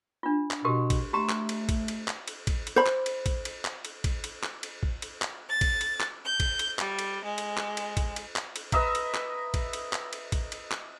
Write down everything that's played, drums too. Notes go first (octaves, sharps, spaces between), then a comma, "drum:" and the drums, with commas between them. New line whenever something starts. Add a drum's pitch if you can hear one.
D4 F4
drum: clap
B2 F#4 G4 A#4
drum: kick, cymbal
A3 F#4 G4 A#5
drum: clap
drum: cymbal
drum: kick, cymbal
drum: cymbal
drum: clap
drum: cymbal
drum: kick, cymbal
drum: cymbal
C5 B5
drum: clap
drum: cymbal
drum: kick, cymbal
drum: cymbal
drum: clap
drum: cymbal
drum: kick, cymbal
drum: cymbal
drum: clap
drum: cymbal
drum: kick
drum: cymbal
drum: clap
A6
drum: kick, cymbal
drum: cymbal
drum: clap
G6
drum: kick, cymbal
drum: cymbal
G3, drum: clap
drum: cymbal
G#3
drum: cymbal
drum: clap
drum: cymbal
drum: kick, cymbal
drum: cymbal
drum: clap
drum: cymbal
B4 D#5 E5 A#5, drum: kick, cymbal
drum: cymbal
drum: clap
drum: kick, cymbal
drum: cymbal
drum: clap
drum: cymbal
drum: kick, cymbal
drum: cymbal
drum: clap